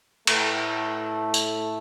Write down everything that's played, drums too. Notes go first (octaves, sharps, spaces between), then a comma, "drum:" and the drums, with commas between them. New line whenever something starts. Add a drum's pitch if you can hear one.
A2 A3, drum: cymbal
drum: tambourine